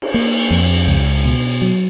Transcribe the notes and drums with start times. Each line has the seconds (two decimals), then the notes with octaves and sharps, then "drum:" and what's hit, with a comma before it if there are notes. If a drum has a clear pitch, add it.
0.02 drum: cymbal
0.14 A#3
0.51 F2
0.87 C#2
1.25 B2
1.62 F#3